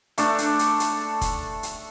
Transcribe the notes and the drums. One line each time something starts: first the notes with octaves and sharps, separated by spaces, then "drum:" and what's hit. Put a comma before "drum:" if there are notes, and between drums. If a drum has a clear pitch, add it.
A3 D4 A4, drum: hi-hat
drum: hi-hat
drum: hi-hat
drum: hi-hat
drum: kick, hi-hat
drum: hi-hat